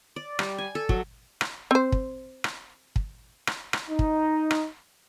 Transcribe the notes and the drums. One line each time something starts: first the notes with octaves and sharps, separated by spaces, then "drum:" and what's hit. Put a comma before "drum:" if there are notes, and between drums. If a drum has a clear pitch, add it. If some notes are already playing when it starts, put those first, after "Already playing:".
D5
G3, drum: rim click
G#5
A4
F#3, drum: kick
drum: rim click
C4 C5
drum: kick
drum: rim click
drum: kick
drum: rim click
drum: rim click
D#4
drum: kick
drum: rim click